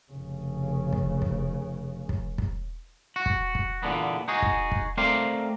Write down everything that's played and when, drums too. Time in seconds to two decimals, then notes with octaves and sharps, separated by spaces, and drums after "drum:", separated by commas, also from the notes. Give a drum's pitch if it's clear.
0.12 F1 C#3
0.93 drum: kick
1.22 drum: kick
2.09 drum: kick
2.38 drum: kick
3.16 F#4
3.26 drum: kick
3.55 drum: kick
3.83 E2 A#2 D3 B3
4.28 D#4 F#4 G#4
4.42 drum: kick
4.72 drum: kick
4.97 A3 C4 A#4 D5 F5 C6